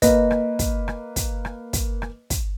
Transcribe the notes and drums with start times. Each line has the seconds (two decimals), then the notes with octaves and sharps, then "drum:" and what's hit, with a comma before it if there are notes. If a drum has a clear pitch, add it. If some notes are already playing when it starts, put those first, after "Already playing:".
0.02 A#3 B4 D#5, drum: kick, hi-hat
0.31 drum: rim click
0.59 drum: kick, hi-hat
0.88 drum: rim click
1.16 drum: kick, hi-hat
1.45 drum: rim click
1.73 drum: kick, hi-hat
2.02 drum: rim click
2.30 drum: kick, hi-hat